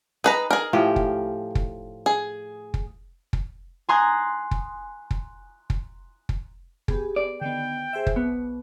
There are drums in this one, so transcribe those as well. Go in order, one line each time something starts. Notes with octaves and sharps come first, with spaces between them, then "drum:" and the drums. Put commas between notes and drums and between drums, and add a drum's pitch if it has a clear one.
D#4 G#4 B4 A#5
G#4 A#4
A2 F3 G4
drum: kick
drum: kick
G#4
drum: kick
drum: kick
G#5 A#5 C6 D#6 F#6 G#6
drum: kick
drum: kick
drum: kick
drum: kick
B3 G4 G#4, drum: kick
D5
D3 D#3 B3 G5
G#4 C5 E5
drum: kick
B1 B3